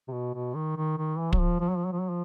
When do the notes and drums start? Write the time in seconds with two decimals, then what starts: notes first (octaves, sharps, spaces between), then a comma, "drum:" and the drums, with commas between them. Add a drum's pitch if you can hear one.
0.08 C3
0.12 B2
0.35 B2
0.55 D#3
0.77 D#3
0.98 D#3
1.19 E3
1.33 F#3, drum: kick
1.39 F3
1.60 F3
1.69 F#3
1.77 F3
1.85 F#3
1.92 F3
2.00 F#3
2.09 F3